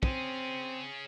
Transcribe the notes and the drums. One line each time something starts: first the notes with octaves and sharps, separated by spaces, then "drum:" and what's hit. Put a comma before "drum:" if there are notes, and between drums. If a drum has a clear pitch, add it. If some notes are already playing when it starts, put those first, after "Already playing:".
C4 C#4 G#4, drum: kick